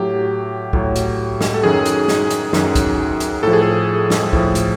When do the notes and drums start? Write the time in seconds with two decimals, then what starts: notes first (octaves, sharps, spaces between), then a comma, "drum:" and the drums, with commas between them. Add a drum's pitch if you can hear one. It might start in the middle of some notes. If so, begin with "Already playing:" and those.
Already playing: A2 F#3 G4
0.73 A2 F#3, drum: kick
0.96 drum: hi-hat
1.41 drum: snare
1.54 A4
1.63 F#2 D#3 F#3 G#4
1.86 drum: hi-hat
2.08 drum: snare
2.30 drum: hi-hat
2.53 F#2 D#3 F#3, drum: snare
2.75 drum: kick, hi-hat
3.20 drum: hi-hat
3.43 A2 F3 A4
3.53 G#4
3.62 A4
4.10 drum: snare
4.33 A2 F3, drum: kick
4.55 drum: hi-hat